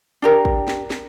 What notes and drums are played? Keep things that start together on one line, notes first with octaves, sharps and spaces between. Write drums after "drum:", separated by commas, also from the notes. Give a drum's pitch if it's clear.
D4 G4 A#4
drum: kick
drum: snare
drum: snare